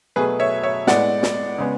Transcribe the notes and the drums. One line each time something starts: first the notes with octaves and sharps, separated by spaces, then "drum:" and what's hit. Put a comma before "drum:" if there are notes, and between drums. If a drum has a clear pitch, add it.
B2 F#3 A3 G#4 B4
C#5 E5
C#5 E5
A2 G#3 B3 D5 F#5, drum: snare
drum: snare
C#3 G#3 B3